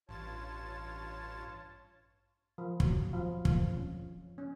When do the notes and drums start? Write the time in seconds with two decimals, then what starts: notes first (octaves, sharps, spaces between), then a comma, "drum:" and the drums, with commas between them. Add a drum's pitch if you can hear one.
0.09 A1 G2 F4 C#5 A5 A6
2.58 F3
2.80 F#3, drum: kick
3.13 F3
3.45 F3, drum: kick
3.76 C#4
4.38 C#4